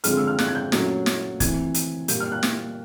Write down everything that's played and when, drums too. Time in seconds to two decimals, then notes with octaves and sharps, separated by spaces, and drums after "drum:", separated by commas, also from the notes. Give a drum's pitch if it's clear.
0.04 D3 F3 G#3 C4 F6, drum: hi-hat
0.17 E6
0.27 F6
0.39 F#6, drum: snare
0.48 G#6
0.55 G6
0.72 A#2 F#3 A3 C#4, drum: snare
1.06 drum: snare
1.40 E3 A3 C4 G#6, drum: kick, hi-hat
1.74 drum: hi-hat
2.08 A#2 G3 A#3 G6, drum: hi-hat
2.20 F6
2.32 F#6
2.43 drum: snare